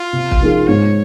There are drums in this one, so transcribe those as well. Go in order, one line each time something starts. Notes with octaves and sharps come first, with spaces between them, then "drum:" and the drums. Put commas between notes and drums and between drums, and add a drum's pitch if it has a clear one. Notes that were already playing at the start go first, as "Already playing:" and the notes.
Already playing: F4
C3
drum: kick
F3 A#3 D#4 G#4
G#2 C#5